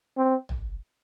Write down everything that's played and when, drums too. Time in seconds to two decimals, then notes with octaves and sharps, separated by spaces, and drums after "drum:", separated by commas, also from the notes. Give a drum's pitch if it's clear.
0.18 C4
0.49 drum: tom